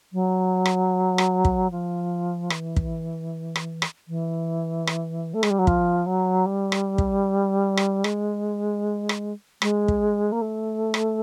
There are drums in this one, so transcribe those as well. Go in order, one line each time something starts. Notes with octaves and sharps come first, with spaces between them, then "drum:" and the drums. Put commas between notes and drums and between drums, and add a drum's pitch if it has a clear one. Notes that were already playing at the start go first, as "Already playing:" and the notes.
F#3
drum: rim click
drum: rim click
drum: kick
F3
E3, drum: rim click
drum: kick
drum: rim click
drum: rim click
E3
drum: rim click
A3
G#3, drum: rim click
G3
F#3
F3, drum: kick
F#3
G3
drum: rim click
drum: kick
drum: rim click
G#3, drum: rim click
drum: rim click
G#3, drum: rim click
drum: kick
A#3
A3
drum: rim click